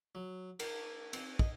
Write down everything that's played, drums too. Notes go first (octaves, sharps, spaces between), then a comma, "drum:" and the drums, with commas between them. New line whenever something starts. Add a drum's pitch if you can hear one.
F#3
A#4, drum: cymbal
C4, drum: cymbal
D#5, drum: kick